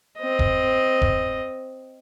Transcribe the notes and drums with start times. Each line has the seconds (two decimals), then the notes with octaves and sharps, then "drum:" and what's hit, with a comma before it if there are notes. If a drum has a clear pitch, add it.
0.18 C4 D#5
0.39 drum: kick E1
1.02 drum: kick E1